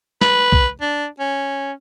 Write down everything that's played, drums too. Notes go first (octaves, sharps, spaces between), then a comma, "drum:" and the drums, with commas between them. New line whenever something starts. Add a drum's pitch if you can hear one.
B4, drum: snare
drum: kick
D4
C#4